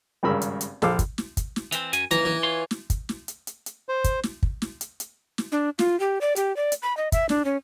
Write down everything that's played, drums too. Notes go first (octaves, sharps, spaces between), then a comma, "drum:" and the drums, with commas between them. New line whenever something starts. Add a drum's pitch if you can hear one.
G#1 G2 C#3 A#4 B5 E6
drum: hi-hat
drum: hi-hat
A#1 A4 C5 F5 D6, drum: snare
drum: kick, hi-hat
drum: snare
drum: kick, hi-hat
drum: snare
E3 C4, drum: hi-hat
F#2 F#3 G#5, drum: hi-hat
D#2 C#3 E3 A#5, drum: hi-hat
E3
F4 C#5 C6
drum: snare
drum: kick, hi-hat
drum: snare
drum: hi-hat
drum: hi-hat
drum: hi-hat
C5
drum: kick, hi-hat
drum: snare
drum: kick
drum: snare
drum: hi-hat
drum: hi-hat
drum: snare
D4
F4, drum: snare
G4
D5
G4, drum: hi-hat
D5
drum: hi-hat
B5
D#5
E5, drum: kick, hi-hat
D4, drum: snare
C#4